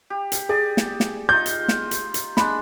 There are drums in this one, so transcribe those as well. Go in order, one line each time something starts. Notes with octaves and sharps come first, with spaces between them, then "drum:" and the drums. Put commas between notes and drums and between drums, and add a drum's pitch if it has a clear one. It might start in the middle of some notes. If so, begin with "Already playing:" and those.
G4
drum: hi-hat
G#4 D5
drum: snare
drum: snare
D#4 F4 G6
drum: hi-hat
drum: snare
drum: hi-hat
drum: hi-hat
G#3 D4 B5, drum: snare